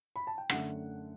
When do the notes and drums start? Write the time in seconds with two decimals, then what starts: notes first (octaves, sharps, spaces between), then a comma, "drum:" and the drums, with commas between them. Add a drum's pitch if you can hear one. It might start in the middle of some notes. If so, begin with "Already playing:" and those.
0.16 B5
0.27 A5
0.38 G5
0.50 F#2 D3 A3 F#5, drum: rim click